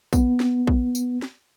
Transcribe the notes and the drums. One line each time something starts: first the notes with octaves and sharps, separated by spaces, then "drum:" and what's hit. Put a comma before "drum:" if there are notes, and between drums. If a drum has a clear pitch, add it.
B3, drum: kick, tambourine
drum: snare
drum: kick
drum: tambourine
drum: snare